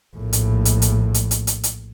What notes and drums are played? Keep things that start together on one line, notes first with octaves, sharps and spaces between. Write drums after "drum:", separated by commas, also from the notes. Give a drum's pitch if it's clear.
A#1 A2
drum: hi-hat
drum: hi-hat
drum: hi-hat
drum: hi-hat
drum: hi-hat
drum: hi-hat
drum: hi-hat